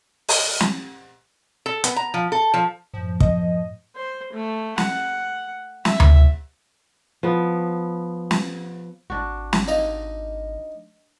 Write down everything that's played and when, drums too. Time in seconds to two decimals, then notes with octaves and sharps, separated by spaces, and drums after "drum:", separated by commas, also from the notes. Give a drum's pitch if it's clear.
0.29 drum: open hi-hat
0.60 drum: snare
1.66 A4
1.84 B3, drum: hi-hat
1.96 A#5
2.14 F3
2.32 A4
2.54 F3
2.94 F#2 A2 F3
3.20 D#5, drum: kick
3.96 C5
4.33 A3
4.78 F#5, drum: snare
5.85 E5, drum: snare
6.00 drum: tom D2
7.23 F3 B3
8.31 drum: snare
9.10 G#1 D4 F#4
9.53 drum: snare
9.68 D#4 D#5 F5